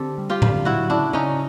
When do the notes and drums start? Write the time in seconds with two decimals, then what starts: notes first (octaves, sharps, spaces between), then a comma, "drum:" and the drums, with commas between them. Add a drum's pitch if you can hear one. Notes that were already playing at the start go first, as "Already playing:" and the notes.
Already playing: D3 C4 G4 A4
0.18 G3
0.30 F4 G4
0.42 D3, drum: tom A2
0.65 F#3 E4 F#4
0.90 C#3 D4 E4
1.13 C#3 C#4 D#4